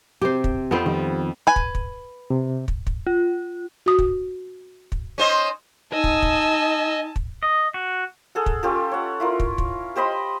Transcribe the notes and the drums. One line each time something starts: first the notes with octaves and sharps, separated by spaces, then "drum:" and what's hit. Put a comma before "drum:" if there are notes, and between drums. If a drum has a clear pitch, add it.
C3 G4 C5
drum: kick
F2 B3 C4 C5
D#3 F3 G3
B4 G#5
drum: kick
drum: kick
C3
drum: kick
drum: kick
F4
F#4 D#6
drum: kick
drum: kick
C#4 C5 D#5
D#4 D#5 G#5 A5 E6
drum: kick
drum: kick
drum: kick
D#5
F#4
G#4 A4 F#5
drum: kick
C#4 F4 G4 A4
C#5 F#5
E4 F4 A#4
drum: kick
drum: kick
G4 C5 D#5 B5